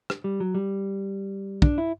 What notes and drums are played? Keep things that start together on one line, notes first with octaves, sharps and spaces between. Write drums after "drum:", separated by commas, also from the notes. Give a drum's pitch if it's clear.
drum: rim click
G3
F#3
G3
D4, drum: kick
E4